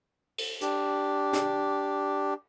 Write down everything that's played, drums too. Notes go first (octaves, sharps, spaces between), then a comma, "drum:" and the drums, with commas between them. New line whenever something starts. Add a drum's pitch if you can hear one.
drum: cymbal
D4 G4, drum: hi-hat
drum: snare